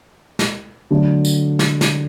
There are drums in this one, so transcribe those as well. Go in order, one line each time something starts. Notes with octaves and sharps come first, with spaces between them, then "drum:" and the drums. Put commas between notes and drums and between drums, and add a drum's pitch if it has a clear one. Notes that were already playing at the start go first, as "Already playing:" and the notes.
drum: snare
D3 F#3 A3 D4
drum: tambourine
drum: snare
drum: snare